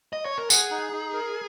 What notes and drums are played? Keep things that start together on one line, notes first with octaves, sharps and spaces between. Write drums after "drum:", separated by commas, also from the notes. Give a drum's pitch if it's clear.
D#5
C#5
A#4
G#4 F#5, drum: tambourine
D#4
D#4
A#4